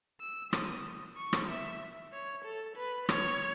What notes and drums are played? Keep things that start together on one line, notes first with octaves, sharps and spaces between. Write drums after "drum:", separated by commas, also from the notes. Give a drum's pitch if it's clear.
E6
D#6, drum: rim click
C#6
drum: rim click
E5
C#5
A4
B4
C#5, drum: rim click